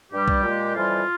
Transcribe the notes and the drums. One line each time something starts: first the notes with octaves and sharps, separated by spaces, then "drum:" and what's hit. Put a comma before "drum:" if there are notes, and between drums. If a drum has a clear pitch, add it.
G2 G3 G4
drum: kick B1
A#2 G#3
F2 E3 G3 F4